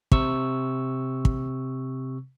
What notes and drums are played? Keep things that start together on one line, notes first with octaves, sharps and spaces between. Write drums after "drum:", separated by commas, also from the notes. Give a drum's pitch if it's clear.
C3 C#6 E6, drum: kick
drum: kick